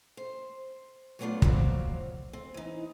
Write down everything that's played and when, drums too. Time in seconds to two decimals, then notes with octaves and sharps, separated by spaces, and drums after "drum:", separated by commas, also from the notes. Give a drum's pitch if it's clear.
0.17 C5
1.19 F#3 G3 A3 B3 D4 F4
1.42 F3 F#3 C4 F#4 D5 F5, drum: kick
2.33 C4
2.54 E3 D#4